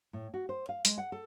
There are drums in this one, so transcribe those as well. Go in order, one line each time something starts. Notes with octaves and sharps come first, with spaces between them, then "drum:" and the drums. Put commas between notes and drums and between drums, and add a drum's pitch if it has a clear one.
A2
F#4
C5
F5
G#3, drum: hi-hat
F#5
A4